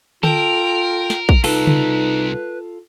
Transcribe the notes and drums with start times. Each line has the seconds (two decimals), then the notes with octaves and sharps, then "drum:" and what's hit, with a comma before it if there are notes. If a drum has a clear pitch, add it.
0.23 F4 A4 A#4 G5, drum: tom D3
1.10 drum: snare
1.29 drum: kick
1.44 C2 D#4 F4 A4 B4, drum: open hi-hat
1.67 drum: tom C#3